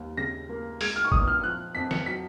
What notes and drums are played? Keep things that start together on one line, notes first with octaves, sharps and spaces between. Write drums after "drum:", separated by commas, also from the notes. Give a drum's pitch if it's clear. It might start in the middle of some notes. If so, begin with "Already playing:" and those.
Already playing: D#2
C#3 A#6
A#3
G#3 G#6, drum: open hi-hat
F6
C#6
A#2 D#6, drum: kick
F6
F3 F#6
F2 B6
C#7, drum: snare
F#3 B6